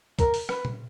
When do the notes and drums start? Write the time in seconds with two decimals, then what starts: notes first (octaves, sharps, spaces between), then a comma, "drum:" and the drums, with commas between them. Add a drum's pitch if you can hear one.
0.19 A#4, drum: kick, hi-hat
0.34 drum: open hi-hat
0.49 B4, drum: rim click
0.65 drum: tom A#2